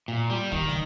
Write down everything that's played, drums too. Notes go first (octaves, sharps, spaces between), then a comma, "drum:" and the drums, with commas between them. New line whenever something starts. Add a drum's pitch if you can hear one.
A#2
G3
D#3, drum: kick
drum: snare